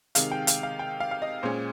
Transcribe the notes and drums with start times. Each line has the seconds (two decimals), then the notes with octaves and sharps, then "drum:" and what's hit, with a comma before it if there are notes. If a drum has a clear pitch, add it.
0.15 C3 D#3 G#3 F5, drum: hi-hat
0.32 G5
0.47 F5, drum: hi-hat
0.63 F5
0.79 G5
1.00 F5
1.11 F5
1.22 D#5
1.43 A#2 G#3 C#4 C5